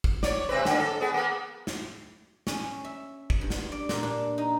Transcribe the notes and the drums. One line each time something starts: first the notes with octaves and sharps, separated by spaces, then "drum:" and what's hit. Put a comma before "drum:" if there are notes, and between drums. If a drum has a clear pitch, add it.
drum: kick
C#5 D5, drum: snare
C3 C4 B4
D3 A#3, drum: snare
A4
B3 G#4
A#3 B3
drum: snare
C#4, drum: snare
E5
drum: kick
G2
drum: snare
D5
A#2, drum: snare
D4
D#4